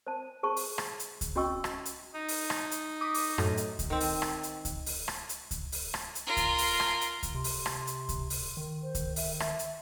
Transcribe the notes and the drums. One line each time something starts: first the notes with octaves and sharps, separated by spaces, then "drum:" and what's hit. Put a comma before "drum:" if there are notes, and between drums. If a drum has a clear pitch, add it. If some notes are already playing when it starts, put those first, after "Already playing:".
C5 A5
G#4 C5 A5 C#6
drum: open hi-hat
drum: rim click
drum: hi-hat
drum: kick C#2, hi-hat
C#4 F#4 D#5 G5 C#6 E6
drum: rim click
drum: hi-hat
D#4
drum: open hi-hat
drum: rim click
drum: hi-hat
D6 D#6 B6
drum: open hi-hat
F#2 A2, drum: rim click
drum: hi-hat
drum: kick C#2, hi-hat
D#3 C4
drum: open hi-hat
drum: rim click
drum: hi-hat
drum: kick C#2, hi-hat
drum: open hi-hat
drum: rim click
drum: hi-hat
drum: kick C#2, hi-hat
drum: open hi-hat
drum: rim click
drum: hi-hat
F4 A#4
drum: kick C#2, hi-hat
drum: open hi-hat
drum: rim click
drum: hi-hat
drum: kick C#2, hi-hat
C3 C6
drum: open hi-hat
drum: rim click
drum: hi-hat
drum: kick C#2, hi-hat
drum: open hi-hat
D#3
C5
drum: kick C#2, hi-hat
E5, drum: open hi-hat
E5, drum: rim click
drum: hi-hat